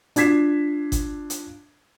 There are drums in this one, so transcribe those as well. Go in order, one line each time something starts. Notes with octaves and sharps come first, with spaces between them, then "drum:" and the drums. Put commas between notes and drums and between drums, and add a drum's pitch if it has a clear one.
D4 F4 G#6 B6 C7 E7, drum: hi-hat
drum: kick G1, hi-hat
drum: hi-hat